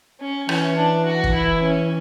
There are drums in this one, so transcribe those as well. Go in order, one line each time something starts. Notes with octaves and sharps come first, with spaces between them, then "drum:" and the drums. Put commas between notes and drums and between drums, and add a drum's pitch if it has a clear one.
C#4
E3 C#4, drum: rim click
D4
F#4
drum: kick
E4
C#4